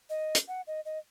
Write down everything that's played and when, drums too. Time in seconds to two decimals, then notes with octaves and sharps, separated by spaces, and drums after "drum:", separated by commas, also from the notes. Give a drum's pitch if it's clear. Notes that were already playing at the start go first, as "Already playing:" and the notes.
0.10 D#5
0.35 drum: hi-hat
0.48 F#5
0.67 D#5
0.85 D#5